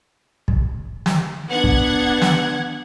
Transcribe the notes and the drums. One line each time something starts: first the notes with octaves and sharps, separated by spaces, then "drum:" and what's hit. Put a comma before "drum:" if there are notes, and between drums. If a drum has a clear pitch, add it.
drum: kick
drum: snare
B3 D4 F#5 G#6
drum: kick
drum: snare